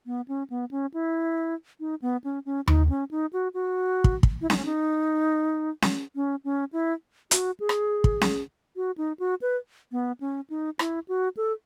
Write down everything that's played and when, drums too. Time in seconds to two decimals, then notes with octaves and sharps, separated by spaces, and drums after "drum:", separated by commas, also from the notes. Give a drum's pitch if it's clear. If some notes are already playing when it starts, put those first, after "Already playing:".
0.06 B3
0.28 C#4
0.50 B3
0.71 C#4
0.94 E4
1.80 D#4
2.02 B3
2.24 C#4
2.46 C#4
2.67 D#4, drum: tom D#2
2.89 C#4
3.11 D#4
3.33 F#4
3.54 F#4
4.04 drum: kick
4.23 drum: kick
4.41 E4
4.50 D#4, drum: snare C#4
4.57 C#4
4.65 D#4
5.82 drum: snare C#4
6.15 C#4
6.44 C#4
6.73 E4
7.31 F#4, drum: hi-hat
7.60 G#4
7.69 drum: rim click
8.04 drum: kick
8.21 drum: snare C#4
8.76 F#4
8.98 D#4
9.20 F#4
9.42 B4
9.92 B3
10.20 C#4
10.50 D#4
10.79 E4, drum: rim click
11.08 F#4
11.37 A4